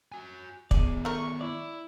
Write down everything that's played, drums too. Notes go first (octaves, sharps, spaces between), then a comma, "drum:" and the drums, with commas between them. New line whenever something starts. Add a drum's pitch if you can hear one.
F#4 G#5
D#3 B3 G#4 D5, drum: kick
A3 A#4 C#6
E4 D5